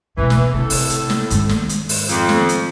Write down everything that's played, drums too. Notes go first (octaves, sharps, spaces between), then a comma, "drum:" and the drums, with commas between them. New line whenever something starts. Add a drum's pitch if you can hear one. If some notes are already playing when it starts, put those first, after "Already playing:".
C#2 B2 E3
drum: snare
A2 C3 A4
drum: open hi-hat
drum: hi-hat
drum: snare
G#2 D#3, drum: hi-hat
drum: snare
drum: hi-hat
drum: open hi-hat
F2, drum: hi-hat
drum: snare
drum: hi-hat